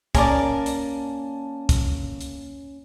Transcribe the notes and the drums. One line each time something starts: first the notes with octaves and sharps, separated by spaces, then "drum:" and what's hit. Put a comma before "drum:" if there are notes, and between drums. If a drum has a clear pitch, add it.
A#3 C#4 A#4 D5 G#5 A5, drum: kick, hi-hat
drum: hi-hat
drum: kick, hi-hat
drum: hi-hat